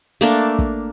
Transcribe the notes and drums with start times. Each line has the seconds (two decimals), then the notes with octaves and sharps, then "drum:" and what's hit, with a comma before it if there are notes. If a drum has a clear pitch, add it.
0.21 A3 A#3 D4
0.59 drum: kick